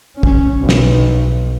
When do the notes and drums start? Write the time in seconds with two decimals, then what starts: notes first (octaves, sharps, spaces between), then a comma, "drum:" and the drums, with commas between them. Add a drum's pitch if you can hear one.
0.23 C#4, drum: kick
0.59 B1
0.69 drum: snare